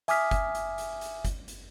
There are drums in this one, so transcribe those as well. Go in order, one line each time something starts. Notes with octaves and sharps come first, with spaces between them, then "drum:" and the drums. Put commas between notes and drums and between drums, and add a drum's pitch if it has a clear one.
E5 G#5 D6 D#6 F6 B6, drum: hi-hat
drum: kick F#1, hi-hat
drum: hi-hat
drum: hi-hat
drum: hi-hat
drum: kick F#1, hi-hat
drum: hi-hat